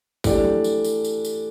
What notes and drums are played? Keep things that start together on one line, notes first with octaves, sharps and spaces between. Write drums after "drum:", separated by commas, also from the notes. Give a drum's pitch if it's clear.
E3 A3 D4 G4 D5, drum: kick A1, tambourine
drum: tom F3
drum: tambourine
drum: tambourine
drum: tambourine
drum: tambourine